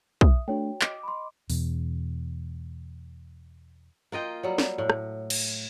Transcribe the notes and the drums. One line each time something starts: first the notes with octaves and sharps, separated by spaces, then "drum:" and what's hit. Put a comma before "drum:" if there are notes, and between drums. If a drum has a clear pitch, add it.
E5 D#6, drum: kick
A3 D4 F#4 C#5 G5
D#5 D6, drum: clap
B5 C6
E2 B2, drum: open hi-hat
A#3 F4 D#5 G5
F#3 G3
drum: snare
A2
drum: rim click
drum: cymbal